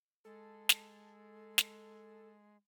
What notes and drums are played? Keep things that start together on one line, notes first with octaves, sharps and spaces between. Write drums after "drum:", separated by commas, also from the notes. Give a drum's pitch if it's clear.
G#3 A4
drum: snare
drum: snare